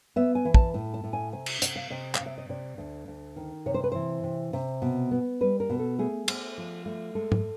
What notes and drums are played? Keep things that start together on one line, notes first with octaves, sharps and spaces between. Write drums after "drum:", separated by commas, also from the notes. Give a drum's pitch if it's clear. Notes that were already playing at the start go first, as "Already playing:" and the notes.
B3 E5
G#5
E3
A5, drum: kick
A2 A5
A5
A2
G#5
C3 G#5
drum: cymbal
C3 F#5, drum: hi-hat
F5
C3 D#5
F5, drum: clap
C3
E5
D#5
C3 D5
D2
D2
D#3
C3 C#5
C5
B4
E3 C5
C3
C3
B2
B3
G3 B4
A#4
B2
A4
A3 G#4
A3, drum: cymbal
F3
A3
G#3 A4
drum: tom